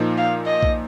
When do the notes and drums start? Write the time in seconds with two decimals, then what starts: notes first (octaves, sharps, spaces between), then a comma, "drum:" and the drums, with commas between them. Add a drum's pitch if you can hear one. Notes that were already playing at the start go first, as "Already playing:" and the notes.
Already playing: A#2 F3 A#3 D#4
0.18 F5
0.46 D#5
0.63 drum: kick B1